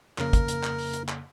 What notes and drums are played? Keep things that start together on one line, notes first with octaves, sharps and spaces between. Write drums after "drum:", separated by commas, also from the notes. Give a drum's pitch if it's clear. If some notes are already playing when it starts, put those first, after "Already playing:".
F2 C#3 A#3 A#4, drum: clap
drum: kick, hi-hat
drum: hi-hat
drum: clap
drum: open hi-hat
drum: hi-hat
drum: clap